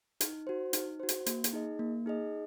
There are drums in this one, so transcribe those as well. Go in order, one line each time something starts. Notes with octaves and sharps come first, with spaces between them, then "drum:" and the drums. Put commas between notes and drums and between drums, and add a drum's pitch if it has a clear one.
D#4, drum: hi-hat
F#4 C5
D#4, drum: hi-hat
F#4 C5
drum: hi-hat
A#3, drum: hi-hat
drum: hi-hat
D#4 G#4 D#5
A#3
D#4 G#4 D#5